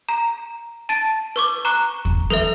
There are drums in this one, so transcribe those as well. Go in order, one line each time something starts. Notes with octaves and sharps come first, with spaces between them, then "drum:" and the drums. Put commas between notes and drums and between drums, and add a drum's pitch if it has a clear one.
A#5
A5 A6 D7
B4 C#6 D6
A#5 C#6 F#6
drum: kick
A4 B4 E5, drum: snare